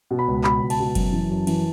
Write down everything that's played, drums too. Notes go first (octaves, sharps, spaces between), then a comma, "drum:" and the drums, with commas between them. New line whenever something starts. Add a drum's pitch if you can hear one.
B2
B5
C#2
B2 B5, drum: clap
C#2
A5, drum: cymbal
B2
F#2, drum: kick F#1, cymbal
E3
F#2
E3, drum: cymbal